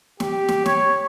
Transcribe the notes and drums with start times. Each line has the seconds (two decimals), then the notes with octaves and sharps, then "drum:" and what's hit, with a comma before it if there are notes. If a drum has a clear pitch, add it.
0.20 G4, drum: snare
0.48 drum: snare
0.66 C#5, drum: snare